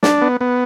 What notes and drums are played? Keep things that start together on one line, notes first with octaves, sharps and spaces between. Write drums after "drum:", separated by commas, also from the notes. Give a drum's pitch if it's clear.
D4, drum: snare
B3
B3